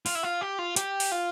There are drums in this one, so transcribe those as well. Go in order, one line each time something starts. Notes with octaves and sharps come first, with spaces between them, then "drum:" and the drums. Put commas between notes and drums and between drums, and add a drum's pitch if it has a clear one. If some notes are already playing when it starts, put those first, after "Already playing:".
F4, drum: open hi-hat
E4
F4
G4
F4
G4, drum: hi-hat
drum: open hi-hat
F4